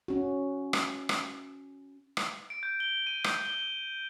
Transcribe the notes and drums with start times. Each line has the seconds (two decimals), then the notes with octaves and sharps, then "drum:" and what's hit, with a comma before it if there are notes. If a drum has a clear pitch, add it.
0.08 C#4 F#4
0.73 drum: rim click
1.09 drum: rim click
2.17 drum: rim click
2.50 D7
2.63 G6
2.80 G7
3.07 D#7
3.24 G6, drum: rim click
3.45 G7